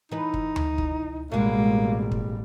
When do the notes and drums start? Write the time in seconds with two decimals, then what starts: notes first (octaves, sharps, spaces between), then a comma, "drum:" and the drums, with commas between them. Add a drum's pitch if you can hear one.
0.11 E3 D#4 B4
0.34 drum: kick
0.56 drum: tom D2
0.78 drum: kick
1.32 A1 B2 G3 G#3 A#3
2.12 drum: kick